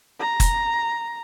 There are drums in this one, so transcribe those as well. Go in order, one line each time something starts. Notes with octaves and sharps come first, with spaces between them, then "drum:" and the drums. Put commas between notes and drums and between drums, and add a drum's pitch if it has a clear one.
A#5
drum: kick, hi-hat